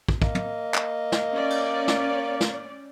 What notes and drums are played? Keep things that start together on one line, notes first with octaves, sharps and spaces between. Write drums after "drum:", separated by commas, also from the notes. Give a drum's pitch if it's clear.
drum: kick
A#3 D#5, drum: kick
drum: tom
drum: clap
drum: snare
C#4 D5
drum: cymbal
drum: snare
drum: snare